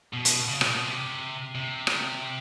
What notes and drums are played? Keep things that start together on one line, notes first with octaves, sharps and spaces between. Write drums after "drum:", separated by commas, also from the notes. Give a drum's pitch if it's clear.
B2
drum: hi-hat
C#3
A#2, drum: rim click
B2
C3
C3
drum: rim click